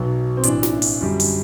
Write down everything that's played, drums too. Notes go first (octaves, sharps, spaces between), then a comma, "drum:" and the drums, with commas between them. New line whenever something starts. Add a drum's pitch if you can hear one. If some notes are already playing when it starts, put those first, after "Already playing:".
Already playing: B1 B2 F#3
C4
A1 A2 E3 D4, drum: hi-hat
drum: snare
drum: open hi-hat
F#2 D3 G3
drum: open hi-hat